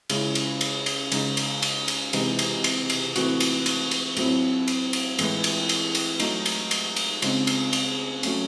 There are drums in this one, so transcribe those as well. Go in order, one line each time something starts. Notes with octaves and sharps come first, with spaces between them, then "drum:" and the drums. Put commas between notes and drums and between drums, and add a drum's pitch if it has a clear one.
C#3 G#3 C#4 E4, drum: cymbal
drum: cymbal
drum: cymbal
drum: cymbal
C#3 G#3 D#4, drum: cymbal
drum: cymbal
drum: cymbal
drum: cymbal
C3 E3 G#3 D#4, drum: cymbal
drum: cymbal
drum: cymbal
drum: cymbal
A2 E3 A3 C4 F#4, drum: cymbal
drum: cymbal
drum: cymbal
drum: cymbal
A2 F#3 C4 E4, drum: cymbal
drum: cymbal
drum: cymbal
A2 E3 G#3, drum: cymbal
drum: cymbal
drum: cymbal
drum: cymbal
F#3 A3 D#4, drum: cymbal
drum: cymbal
drum: cymbal
drum: cymbal
C#3 G#3 C4 D#4, drum: cymbal
drum: cymbal
drum: cymbal
F#3 A3 C#4, drum: cymbal